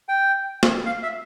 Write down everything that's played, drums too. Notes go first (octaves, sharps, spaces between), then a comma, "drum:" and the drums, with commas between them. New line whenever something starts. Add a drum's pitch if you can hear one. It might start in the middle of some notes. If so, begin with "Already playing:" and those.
G5
drum: snare
F5
E5